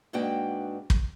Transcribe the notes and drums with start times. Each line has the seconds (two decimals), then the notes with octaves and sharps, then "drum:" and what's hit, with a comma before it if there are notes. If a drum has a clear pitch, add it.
0.13 G#2 A#3 D4 F#4 B4 G5
0.90 drum: kick